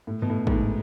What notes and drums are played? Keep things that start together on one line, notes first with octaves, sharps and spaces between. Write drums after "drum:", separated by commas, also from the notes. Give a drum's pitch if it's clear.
A2
B2
A2
G#2, drum: kick
A2